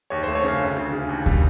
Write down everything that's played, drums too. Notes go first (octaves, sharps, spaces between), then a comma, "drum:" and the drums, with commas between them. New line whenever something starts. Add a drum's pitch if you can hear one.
D#2 C#5
C5
A3
C#5
C#3 F5
D2
D2
C#3
D#2
G3, drum: kick D2